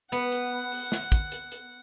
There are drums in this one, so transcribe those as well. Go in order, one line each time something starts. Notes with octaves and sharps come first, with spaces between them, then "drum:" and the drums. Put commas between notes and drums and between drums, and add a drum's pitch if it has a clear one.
B3 F#5, drum: hi-hat
drum: hi-hat
drum: open hi-hat
drum: snare
drum: kick, hi-hat
drum: hi-hat
drum: hi-hat